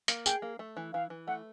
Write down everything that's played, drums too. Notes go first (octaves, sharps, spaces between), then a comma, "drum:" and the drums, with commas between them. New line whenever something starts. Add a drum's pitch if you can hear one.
A#3, drum: hi-hat
G#4 G5, drum: tambourine
A#3
A3
E3
E3 F5
E3
A3 F#5